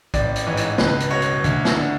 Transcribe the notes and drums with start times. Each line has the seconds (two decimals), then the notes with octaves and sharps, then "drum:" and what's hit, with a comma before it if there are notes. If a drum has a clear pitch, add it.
0.14 A1 D5, drum: kick A#1, hi-hat
0.36 drum: hi-hat
0.47 G#2 E3 C#5
0.57 drum: hi-hat
0.78 C#2 B4, drum: snare
1.00 drum: hi-hat
1.11 B2 C#5
1.22 drum: hi-hat
1.44 D2, drum: hi-hat
1.65 drum: snare
1.76 D3